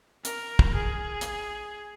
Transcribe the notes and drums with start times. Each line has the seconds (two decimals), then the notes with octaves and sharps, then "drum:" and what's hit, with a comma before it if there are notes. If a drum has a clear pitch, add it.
0.25 A#4, drum: hi-hat
0.59 drum: kick
0.75 G#4
1.21 drum: hi-hat